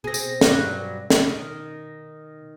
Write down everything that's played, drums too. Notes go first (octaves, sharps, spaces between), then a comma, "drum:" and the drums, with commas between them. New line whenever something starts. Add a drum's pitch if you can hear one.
B2 C4 G#4 A#6
drum: tambourine
G2 F#3 G3, drum: snare
drum: snare
D#3